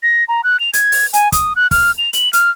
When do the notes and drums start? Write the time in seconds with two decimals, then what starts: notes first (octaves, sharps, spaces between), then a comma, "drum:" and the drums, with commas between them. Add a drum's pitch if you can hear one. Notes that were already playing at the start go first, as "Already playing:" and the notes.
0.03 A#6
0.28 A#5
0.44 F#6
0.60 F7
0.73 G#6, drum: hi-hat
0.92 drum: open hi-hat
1.13 G#5, drum: hi-hat
1.32 D#6, drum: kick, hi-hat
1.56 F#6
1.71 F6, drum: kick, open hi-hat
1.98 F7
2.13 F#7, drum: hi-hat
2.33 F6, drum: hi-hat